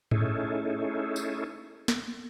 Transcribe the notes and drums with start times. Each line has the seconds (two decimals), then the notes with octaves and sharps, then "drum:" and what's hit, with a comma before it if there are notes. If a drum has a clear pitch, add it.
0.11 A3 C#4 D#4 E4 G#4 A4, drum: tom G#2
1.16 drum: tambourine
1.88 drum: snare